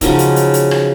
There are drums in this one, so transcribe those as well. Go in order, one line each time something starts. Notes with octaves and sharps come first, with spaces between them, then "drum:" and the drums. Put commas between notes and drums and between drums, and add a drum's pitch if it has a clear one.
C#3 F3 F#3 D#4, drum: kick, hi-hat
drum: hi-hat
drum: hi-hat
drum: hi-hat
drum: rim click